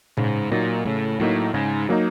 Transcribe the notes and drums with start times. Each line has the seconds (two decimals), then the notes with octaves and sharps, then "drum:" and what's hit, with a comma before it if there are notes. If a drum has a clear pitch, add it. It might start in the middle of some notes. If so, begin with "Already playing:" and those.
0.17 G#2 C#3, drum: tom A2
0.52 A#2 F#3 A#3 D#4
0.85 A2 C#3
1.20 A2 F#3 A#3 D#4
1.54 G#2 C#3
1.89 F#3 A#3 D#4